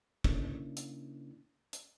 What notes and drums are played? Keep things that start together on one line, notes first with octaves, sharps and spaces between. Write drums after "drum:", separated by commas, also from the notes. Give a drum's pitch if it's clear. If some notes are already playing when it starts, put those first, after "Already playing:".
C#3 A#3 C#4 D4 E4, drum: kick
drum: hi-hat
drum: hi-hat